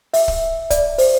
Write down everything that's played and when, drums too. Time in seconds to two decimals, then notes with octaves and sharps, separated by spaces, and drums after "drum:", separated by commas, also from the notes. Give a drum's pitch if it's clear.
0.14 E5, drum: open hi-hat
0.28 drum: kick
0.70 D5, drum: kick, hi-hat
0.98 C5, drum: open hi-hat